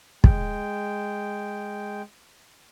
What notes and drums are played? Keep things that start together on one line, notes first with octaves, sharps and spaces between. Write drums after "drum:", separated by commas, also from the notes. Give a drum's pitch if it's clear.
G#3 G5, drum: kick